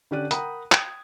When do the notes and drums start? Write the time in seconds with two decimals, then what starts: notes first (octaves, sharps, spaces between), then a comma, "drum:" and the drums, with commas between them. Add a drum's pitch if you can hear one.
0.11 D3 C#4 G4 D5 F#6 D#7
0.31 A#4 F#5 G5 A#5 B5 D#6, drum: hi-hat
0.72 G5 D#6 G#6, drum: clap